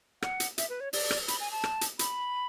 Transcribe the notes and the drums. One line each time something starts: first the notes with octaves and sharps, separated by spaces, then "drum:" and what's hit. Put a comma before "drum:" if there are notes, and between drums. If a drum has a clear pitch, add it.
F#5, drum: rim click
drum: hi-hat
E5, drum: hi-hat
B4
C#5
D5, drum: open hi-hat
drum: rim click
B5, drum: hi-hat
G#5
A5
drum: rim click
drum: hi-hat
B5, drum: hi-hat